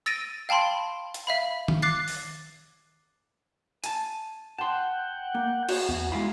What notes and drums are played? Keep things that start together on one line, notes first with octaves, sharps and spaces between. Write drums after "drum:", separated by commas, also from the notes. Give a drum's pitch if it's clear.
E6 A6 A#6 D7 D#7
F5 G5 A5 B5 C6
drum: hi-hat
E5 F5 B5
drum: tom D#3
D6 F#6 A6 C7
drum: open hi-hat
G#5 A5, drum: hi-hat
F#5 G5 A5 C6
A#3
F#4, drum: cymbal
E2 B3 F#4
G#3 E4 F5 B5 C6